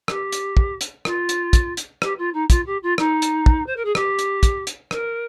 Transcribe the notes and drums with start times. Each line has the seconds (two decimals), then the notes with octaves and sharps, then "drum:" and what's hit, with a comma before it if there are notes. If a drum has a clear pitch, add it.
0.08 G4, drum: rim click
0.32 drum: hi-hat
0.57 drum: kick
0.81 drum: hi-hat
1.05 F4, drum: rim click
1.29 drum: hi-hat
1.53 drum: kick, hi-hat
1.77 drum: hi-hat
2.02 G4, drum: rim click
2.18 F4
2.33 D#4
2.50 F4, drum: kick, hi-hat
2.66 G4
2.82 F4
2.98 D#4, drum: rim click
3.22 drum: hi-hat
3.46 drum: kick
3.66 C5
3.76 A#4
3.85 G#4
3.95 G4, drum: rim click
4.19 drum: hi-hat
4.43 drum: kick, hi-hat
4.67 drum: hi-hat
4.91 A#4, drum: rim click